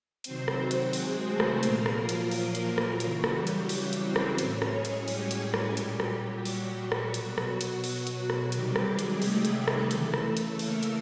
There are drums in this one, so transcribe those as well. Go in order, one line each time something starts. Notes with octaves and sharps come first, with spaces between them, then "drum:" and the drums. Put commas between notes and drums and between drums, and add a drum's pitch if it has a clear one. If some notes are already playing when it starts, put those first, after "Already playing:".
C3 D#3 F#3 C4 C5, drum: hi-hat
drum: rim click
F#3 F#4
drum: hi-hat
G#3 G#4, drum: open hi-hat
A3 A4
drum: rim click
A#2 F#3 A#3 A#4, drum: hi-hat
drum: rim click
F3 F4
drum: hi-hat
F3 F4, drum: open hi-hat
drum: hi-hat
F3 F4
drum: rim click
C#3 E3 F#3 F#4, drum: hi-hat
drum: rim click
G3 G4
drum: hi-hat
G3 G4, drum: open hi-hat
drum: hi-hat
C4 C5
drum: rim click
A2 F#3 C#4 C#5, drum: hi-hat
drum: rim click
G#3 G#4
drum: hi-hat
G3 G4, drum: open hi-hat
drum: hi-hat
drum: rim click
A#2 F#3, drum: hi-hat
drum: rim click
F#3 F#4, drum: open hi-hat
drum: rim click
B2 F#3, drum: hi-hat
drum: rim click
drum: hi-hat
drum: open hi-hat
drum: hi-hat
F#3 F#4
drum: rim click
C3 D#3 F#3 G3 G4, drum: hi-hat
drum: rim click
G#3 G#4
drum: hi-hat
A3 A4, drum: open hi-hat
drum: hi-hat
drum: rim click
C#3 E3, drum: hi-hat
drum: rim click
drum: hi-hat
A#3 A#4, drum: open hi-hat
drum: hi-hat